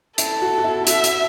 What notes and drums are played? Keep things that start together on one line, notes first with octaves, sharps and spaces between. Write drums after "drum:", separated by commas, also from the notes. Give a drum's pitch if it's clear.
E4 A4, drum: hi-hat
F#4
F#4
E4
F#4 E5, drum: hi-hat
drum: hi-hat